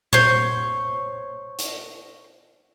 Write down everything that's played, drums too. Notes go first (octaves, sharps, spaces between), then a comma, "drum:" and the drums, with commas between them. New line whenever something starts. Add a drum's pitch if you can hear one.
C5 C#5, drum: tom A#2
drum: hi-hat